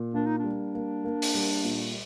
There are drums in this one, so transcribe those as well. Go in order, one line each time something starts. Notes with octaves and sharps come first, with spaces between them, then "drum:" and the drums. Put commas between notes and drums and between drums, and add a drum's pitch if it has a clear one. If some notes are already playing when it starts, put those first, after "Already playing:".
Already playing: A#2
A#3 D4
D#4
G3 D4
A#3
A#3
drum: open hi-hat
G3
A#2